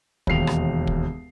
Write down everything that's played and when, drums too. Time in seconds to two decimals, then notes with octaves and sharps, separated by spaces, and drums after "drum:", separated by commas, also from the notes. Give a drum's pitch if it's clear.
0.27 E1 D#2 C7 F7, drum: kick
0.47 drum: rim click
0.87 drum: kick